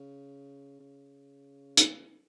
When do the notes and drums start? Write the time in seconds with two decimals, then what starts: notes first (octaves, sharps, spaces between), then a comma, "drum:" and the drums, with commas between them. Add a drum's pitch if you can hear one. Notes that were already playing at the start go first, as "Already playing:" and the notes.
Already playing: C#3
0.80 C#3
1.77 drum: hi-hat